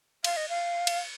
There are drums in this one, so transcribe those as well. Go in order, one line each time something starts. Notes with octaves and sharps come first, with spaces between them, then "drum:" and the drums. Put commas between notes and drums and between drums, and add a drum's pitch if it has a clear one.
F5, drum: cymbal
D#5
F5
drum: cymbal